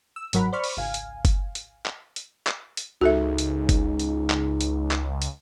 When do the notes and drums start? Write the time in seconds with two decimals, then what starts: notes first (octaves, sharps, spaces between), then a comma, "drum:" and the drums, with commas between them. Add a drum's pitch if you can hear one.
0.16 E6
0.33 G1 G#2 F#3 A#4 F#5 B5, drum: hi-hat
0.53 C5 D5 B5 C#6 F6
0.64 drum: open hi-hat
0.77 G#1 C#2 F5 G#5
0.94 drum: hi-hat
1.25 drum: kick F#1, hi-hat
1.55 drum: hi-hat
1.86 drum: clap
2.16 drum: hi-hat
2.47 drum: clap
2.77 drum: hi-hat
3.01 C#2 G#2 F#4 A4 E5
3.38 drum: hi-hat
3.69 drum: kick F#1, hi-hat
3.99 drum: hi-hat
4.30 drum: clap
4.61 drum: hi-hat
4.91 drum: clap
5.22 drum: hi-hat